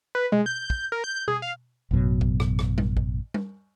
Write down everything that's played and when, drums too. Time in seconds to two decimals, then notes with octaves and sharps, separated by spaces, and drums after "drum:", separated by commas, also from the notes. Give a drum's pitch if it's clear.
0.15 B4
0.32 G#3, drum: tom B2
0.46 G6
0.70 drum: kick
0.92 A#4
1.04 G6
1.28 G#4, drum: tom B2
1.42 F5
1.91 A1 F#2 B2 F#3
2.21 drum: kick
2.40 drum: rim click
2.59 drum: rim click
2.78 drum: tom G3
2.97 drum: kick
3.34 drum: tom G3